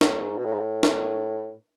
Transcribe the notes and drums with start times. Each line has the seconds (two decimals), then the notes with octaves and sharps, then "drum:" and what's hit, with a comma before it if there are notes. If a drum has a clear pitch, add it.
0.01 A2, drum: snare
0.19 G#2
0.38 B2
0.45 A2
0.53 G#2
0.59 A2
0.83 drum: snare